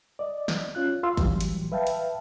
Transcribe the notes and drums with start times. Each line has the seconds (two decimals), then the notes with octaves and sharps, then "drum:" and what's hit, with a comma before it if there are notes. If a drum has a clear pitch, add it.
0.19 D5 D#5
0.48 drum: snare
0.75 C#4 F4 F#6
1.03 F4 F5 C6 E6
1.17 A2 E3 F#3 G3, drum: kick, hi-hat
1.40 drum: hi-hat
1.72 B4 E5 F5 G5 A5
1.87 drum: hi-hat